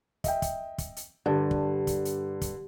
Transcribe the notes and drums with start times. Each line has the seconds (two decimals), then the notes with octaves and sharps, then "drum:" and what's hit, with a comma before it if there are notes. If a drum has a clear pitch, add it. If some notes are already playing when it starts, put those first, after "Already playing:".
0.24 D#5 E5 G5, drum: kick, hi-hat
0.42 drum: kick, hi-hat
0.78 drum: kick, hi-hat
0.96 drum: hi-hat
1.26 G2 D3
1.51 drum: kick
1.87 drum: kick, hi-hat
2.05 drum: hi-hat
2.41 drum: kick, hi-hat